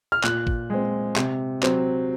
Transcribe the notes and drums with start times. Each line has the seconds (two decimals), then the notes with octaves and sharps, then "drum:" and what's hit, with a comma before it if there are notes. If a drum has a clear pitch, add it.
0.12 F6
0.24 A#2 F#6, drum: clap
0.47 drum: kick G#1
0.70 G#3 C4
1.16 C3, drum: clap
1.63 F#3 C4, drum: clap